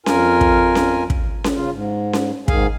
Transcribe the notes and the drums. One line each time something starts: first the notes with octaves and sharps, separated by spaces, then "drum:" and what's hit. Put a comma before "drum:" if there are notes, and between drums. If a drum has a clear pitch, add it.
F2 F4 A#4 G#5, drum: snare C#4
drum: kick
drum: snare C#4
drum: kick
drum: snare C#4
C#3 F4
G#2
drum: snare C#4
G#2 D#3 G#4 F5 G#5, drum: kick